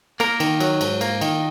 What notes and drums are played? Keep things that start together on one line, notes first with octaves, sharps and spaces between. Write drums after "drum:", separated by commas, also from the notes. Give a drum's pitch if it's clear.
A#3 A#4, drum: cymbal
D#3, drum: cymbal
F#3, drum: cymbal
G#2, drum: cymbal
A#3, drum: cymbal
D#3, drum: cymbal